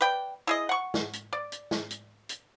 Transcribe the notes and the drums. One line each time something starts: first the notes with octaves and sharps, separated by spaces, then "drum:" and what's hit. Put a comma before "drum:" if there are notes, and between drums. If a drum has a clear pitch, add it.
B4 D5 G5
E4 G#4 D#5
F#5 C#6
drum: snare
drum: hi-hat
D5
drum: hi-hat
drum: snare
drum: hi-hat
drum: hi-hat